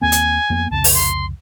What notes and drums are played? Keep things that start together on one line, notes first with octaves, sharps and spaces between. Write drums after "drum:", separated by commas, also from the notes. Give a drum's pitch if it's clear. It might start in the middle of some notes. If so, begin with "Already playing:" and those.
D#2 A#3 C4 G#5
drum: hi-hat
F2 A#3 B3
C2 F2 C#3 A5
drum: open hi-hat
C6